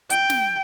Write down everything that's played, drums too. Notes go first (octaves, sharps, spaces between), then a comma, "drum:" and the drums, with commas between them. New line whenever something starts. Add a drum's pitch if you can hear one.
G5, drum: hi-hat
drum: snare